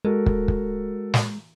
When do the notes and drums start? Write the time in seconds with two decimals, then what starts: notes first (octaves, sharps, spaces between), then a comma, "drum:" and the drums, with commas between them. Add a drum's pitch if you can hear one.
0.05 G#3 F#4 A4 A#4
0.26 drum: kick
0.48 drum: kick
1.14 drum: snare